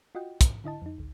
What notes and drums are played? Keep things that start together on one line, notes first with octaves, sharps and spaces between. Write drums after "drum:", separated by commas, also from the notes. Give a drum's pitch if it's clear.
F4 F#4 D#5 F#5 G5
drum: kick, hi-hat
D3 E4 D#5 A5
F2 D#4
A1 D2